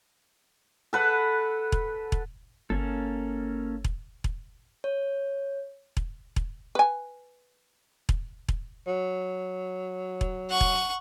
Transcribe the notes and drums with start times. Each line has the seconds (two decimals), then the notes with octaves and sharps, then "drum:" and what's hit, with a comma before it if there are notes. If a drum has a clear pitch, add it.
0.93 A4 B4 F#5
1.72 drum: kick E1
2.12 drum: kick E1
2.70 G1 A#3 C#4 A4
3.84 drum: kick E1
4.24 drum: kick E1
4.84 C#5
5.97 drum: kick E1
6.36 drum: kick E1
6.75 B4 G#5
8.09 drum: kick E1
8.48 drum: kick E1
8.87 F#3
10.21 drum: kick E1
10.50 F#5 C#6
10.61 drum: kick E1